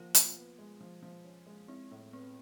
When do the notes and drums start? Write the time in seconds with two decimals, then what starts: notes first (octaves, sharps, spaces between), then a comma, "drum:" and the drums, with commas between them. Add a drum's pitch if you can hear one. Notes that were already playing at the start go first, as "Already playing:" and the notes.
Already playing: F3 A#3 F4
0.15 F3, drum: hi-hat
0.37 B3
0.59 G#3
0.80 F3
1.03 F3
1.24 C#4
1.47 G#3
1.68 C4 E4
1.91 A2
2.13 B3 C4